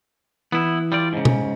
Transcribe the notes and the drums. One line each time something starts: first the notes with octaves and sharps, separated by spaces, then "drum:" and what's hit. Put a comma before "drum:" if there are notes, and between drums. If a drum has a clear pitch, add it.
E3 B3 E4
G3 F4 D5
G#2 C#3
drum: tom B2